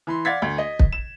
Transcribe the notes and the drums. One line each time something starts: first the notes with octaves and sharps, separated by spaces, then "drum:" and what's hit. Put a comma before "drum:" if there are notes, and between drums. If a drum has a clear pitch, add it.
E3 B5 C6
D5 F5 F#5 G#6 A6 B6
D2
D#5
drum: kick
E7